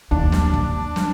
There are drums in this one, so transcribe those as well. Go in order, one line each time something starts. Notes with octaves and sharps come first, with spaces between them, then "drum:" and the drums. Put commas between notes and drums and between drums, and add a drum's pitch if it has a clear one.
D#2 D4
drum: snare
drum: kick
drum: snare